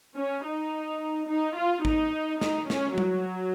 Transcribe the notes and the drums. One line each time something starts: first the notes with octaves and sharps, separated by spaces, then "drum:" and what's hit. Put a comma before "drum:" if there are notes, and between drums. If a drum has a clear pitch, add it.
C#4
D#4
D#4
F4
D#4, drum: kick
D#4, drum: snare
C#4, drum: snare
F#3, drum: tom